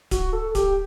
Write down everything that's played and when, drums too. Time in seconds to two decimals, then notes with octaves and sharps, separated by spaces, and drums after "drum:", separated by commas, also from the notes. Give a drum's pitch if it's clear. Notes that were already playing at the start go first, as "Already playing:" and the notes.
0.11 F#4, drum: kick D1, hi-hat
0.33 A4
0.51 A4
0.55 G4, drum: kick D1, hi-hat